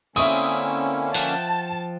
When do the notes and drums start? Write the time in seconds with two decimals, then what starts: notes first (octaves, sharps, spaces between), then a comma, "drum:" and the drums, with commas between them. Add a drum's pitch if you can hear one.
0.16 D3 A#3 C4 C#4 E4 E5 C#6 D#6, drum: cymbal
1.14 F3 F#5 G5 A5, drum: open hi-hat